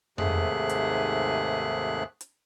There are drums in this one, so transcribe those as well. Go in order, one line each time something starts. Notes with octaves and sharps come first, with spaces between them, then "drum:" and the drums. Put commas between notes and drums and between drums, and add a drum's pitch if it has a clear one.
D#2 G#2 C3 A3 G#4 F#6, drum: tom F2
drum: hi-hat
drum: hi-hat